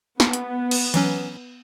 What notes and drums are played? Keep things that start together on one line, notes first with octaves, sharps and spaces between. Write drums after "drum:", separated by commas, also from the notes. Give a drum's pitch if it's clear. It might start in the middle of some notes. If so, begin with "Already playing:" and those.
B3, drum: snare
drum: hi-hat
drum: cymbal
E3 F#3 C#4, drum: hi-hat